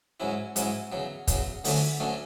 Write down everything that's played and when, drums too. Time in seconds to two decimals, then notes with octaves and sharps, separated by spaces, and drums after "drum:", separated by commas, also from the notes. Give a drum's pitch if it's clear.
0.20 G#2 F#3 C#4 E4
0.56 G#2 F#3 C#4 E4, drum: hi-hat
0.92 E2 C#3 F#3
1.28 E2 C#3 F#3, drum: kick, hi-hat
1.64 D2 D3 F#3 A3 C#4, drum: open hi-hat
2.00 D2 D3 F#3 A3 C#4